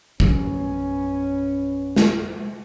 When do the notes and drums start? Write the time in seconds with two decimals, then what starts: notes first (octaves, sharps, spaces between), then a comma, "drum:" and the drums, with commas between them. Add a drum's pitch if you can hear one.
0.20 A#1 F#2 B3 C#4, drum: kick
1.96 drum: snare